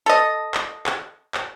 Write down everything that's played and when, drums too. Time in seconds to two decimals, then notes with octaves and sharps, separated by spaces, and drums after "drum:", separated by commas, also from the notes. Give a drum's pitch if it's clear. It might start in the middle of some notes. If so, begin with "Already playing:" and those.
0.06 A4 D#5
0.54 drum: clap
0.86 drum: clap
1.35 drum: clap